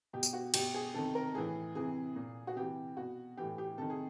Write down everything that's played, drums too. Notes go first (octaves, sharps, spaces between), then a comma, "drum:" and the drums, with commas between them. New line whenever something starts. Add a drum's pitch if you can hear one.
B2 G4
drum: tambourine
F#4
B2 G4, drum: cymbal
G#4
C3 D#3 A4
A#4
A2 E3 G#4
C3 E3 G#4
A#2
F#4
C3 E3 G4
B2 F#4
A2 E3 G4
G4
C3 D#3 A4
G#4